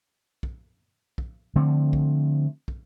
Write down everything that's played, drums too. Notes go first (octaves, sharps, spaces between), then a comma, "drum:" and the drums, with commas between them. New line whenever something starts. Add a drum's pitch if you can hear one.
drum: kick
drum: kick
D3 F3 A3 C4
drum: kick
drum: kick